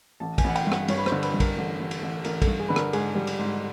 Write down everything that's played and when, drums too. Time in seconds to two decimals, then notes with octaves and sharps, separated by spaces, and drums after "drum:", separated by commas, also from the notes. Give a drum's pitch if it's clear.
0.20 A1 A5
0.38 G#5, drum: kick, cymbal
0.44 A1 F#5
0.55 G5, drum: cymbal
0.67 G2
0.72 F#5, drum: rim click
0.88 G2 C#5, drum: cymbal
0.98 B4
1.06 C5, drum: rim click
1.12 D3
1.23 B4, drum: cymbal
1.34 G2
1.40 A#4, drum: kick, cymbal
1.57 A1
1.80 A1
1.91 drum: cymbal
2.02 A1
2.24 A1 A#4, drum: cymbal
2.42 A4, drum: kick, cymbal
2.47 G2
2.60 G#4
2.68 D3 B4
2.76 A#4, drum: rim click
2.93 G#2 G#4, drum: cymbal
3.15 G3
3.27 drum: cymbal
3.39 G#2